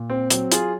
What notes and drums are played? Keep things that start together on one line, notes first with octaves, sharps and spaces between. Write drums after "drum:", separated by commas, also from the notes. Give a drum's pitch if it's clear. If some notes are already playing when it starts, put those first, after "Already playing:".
Already playing: A#2
C4
F#3 C4, drum: hi-hat
F4 G#4, drum: hi-hat